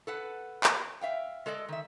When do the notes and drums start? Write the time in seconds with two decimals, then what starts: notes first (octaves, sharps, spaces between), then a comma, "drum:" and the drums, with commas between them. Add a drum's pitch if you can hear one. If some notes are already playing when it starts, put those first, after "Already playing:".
0.07 A4 B4 F#5
0.64 drum: clap
1.01 E5 F5 G5
1.46 G#3 A4 D5 D#5
1.68 D#3 E5